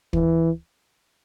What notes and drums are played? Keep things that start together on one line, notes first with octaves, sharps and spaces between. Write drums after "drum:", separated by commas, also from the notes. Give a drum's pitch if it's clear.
E3, drum: kick